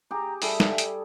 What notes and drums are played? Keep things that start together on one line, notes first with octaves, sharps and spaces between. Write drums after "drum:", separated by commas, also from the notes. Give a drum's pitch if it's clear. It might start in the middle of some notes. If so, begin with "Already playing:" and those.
G4 G#4 A#5
G3 G#4 A4 E5, drum: open hi-hat
drum: snare
drum: hi-hat